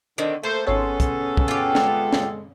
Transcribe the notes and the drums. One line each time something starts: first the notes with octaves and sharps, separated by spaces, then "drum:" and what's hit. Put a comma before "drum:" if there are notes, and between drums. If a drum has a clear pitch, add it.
D3 D#3 C4
A3 A#3 A4 C5 A5
G#1 B3 C#4 G#4 A4 C#5 C6
drum: kick, hi-hat
drum: kick
F4 G4
G#3, drum: snare
drum: snare